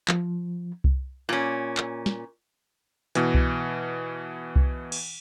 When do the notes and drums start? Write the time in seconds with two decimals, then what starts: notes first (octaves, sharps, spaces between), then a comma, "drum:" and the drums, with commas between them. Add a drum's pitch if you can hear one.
0.08 F3, drum: clap
0.84 drum: kick C2
1.29 A#2 C#4
1.77 drum: clap
2.06 drum: snare
3.15 B2 E3, drum: hi-hat
3.34 drum: kick C2
4.56 drum: kick C2
4.92 drum: cymbal